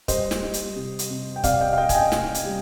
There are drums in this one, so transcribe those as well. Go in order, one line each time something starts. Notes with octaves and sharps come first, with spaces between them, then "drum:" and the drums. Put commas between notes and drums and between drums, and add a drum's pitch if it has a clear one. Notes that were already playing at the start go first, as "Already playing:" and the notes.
G3 C5 D#5, drum: kick, hi-hat
drum: snare
G3
drum: hi-hat
C3
drum: hi-hat
C3
G5
C3 D5 F5, drum: kick, hi-hat
D#5 G5
F5
C3 D#5 G5
G#5, drum: kick, hi-hat
D#5 G5
C3, drum: snare
drum: hi-hat
G3